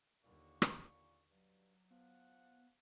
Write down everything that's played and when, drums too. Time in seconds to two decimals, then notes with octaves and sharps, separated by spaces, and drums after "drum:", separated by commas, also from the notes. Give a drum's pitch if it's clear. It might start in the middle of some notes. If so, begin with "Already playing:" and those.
0.24 D#2 A#2 D3 C#6
0.62 drum: rim click
1.30 G2 F#3
1.90 F3 B3 F#5